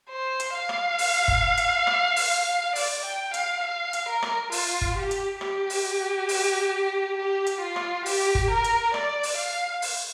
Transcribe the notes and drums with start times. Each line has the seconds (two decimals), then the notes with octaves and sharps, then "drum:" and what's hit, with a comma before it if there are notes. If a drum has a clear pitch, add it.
0.10 C5
0.40 drum: hi-hat
0.54 F5
0.69 drum: rim click
0.99 drum: open hi-hat
1.28 drum: kick
1.57 drum: hi-hat
1.87 drum: rim click
2.16 drum: open hi-hat
2.75 D5, drum: open hi-hat
3.05 G5
3.34 F5, drum: hi-hat
3.64 F5
3.93 drum: hi-hat
4.08 A#4
4.23 drum: rim click
4.52 F4, drum: open hi-hat
4.81 drum: kick
4.96 G4
5.11 drum: hi-hat
5.41 G4, drum: rim click
5.70 drum: open hi-hat
6.29 drum: open hi-hat
7.17 G4
7.46 drum: hi-hat
7.61 F4
7.76 drum: rim click
8.06 G4, drum: open hi-hat
8.35 drum: kick
8.50 A#4
8.64 drum: hi-hat
8.94 D5, drum: rim click
9.23 drum: open hi-hat
9.37 F5
9.82 drum: open hi-hat